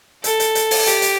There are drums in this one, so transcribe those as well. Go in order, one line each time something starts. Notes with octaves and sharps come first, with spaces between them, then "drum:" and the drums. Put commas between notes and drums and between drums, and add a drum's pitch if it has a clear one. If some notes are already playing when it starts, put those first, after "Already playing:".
A4, drum: hi-hat
drum: hi-hat
drum: hi-hat
drum: open hi-hat
G4, drum: hi-hat
drum: hi-hat